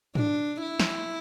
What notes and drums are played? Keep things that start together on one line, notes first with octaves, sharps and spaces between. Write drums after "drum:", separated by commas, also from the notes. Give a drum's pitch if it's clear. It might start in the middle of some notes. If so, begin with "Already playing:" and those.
D4, drum: tom G#2
E4
drum: snare